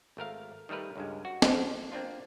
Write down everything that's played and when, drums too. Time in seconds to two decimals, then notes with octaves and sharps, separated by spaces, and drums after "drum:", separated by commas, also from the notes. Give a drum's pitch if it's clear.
0.17 G#1 A3 A#4 F5
0.69 D#3 G3 A3 A#4 B4
0.96 C#2 G2 G#3
1.25 F#4
1.42 drum: snare
1.92 A#3 C4 D4 F4